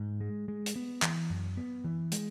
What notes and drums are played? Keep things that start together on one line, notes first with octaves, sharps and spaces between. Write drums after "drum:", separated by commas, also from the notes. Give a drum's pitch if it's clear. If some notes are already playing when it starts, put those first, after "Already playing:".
Already playing: G#2
G#3
G#3
drum: hi-hat
B3
E3, drum: clap
F#2
B3
E3
G#3, drum: hi-hat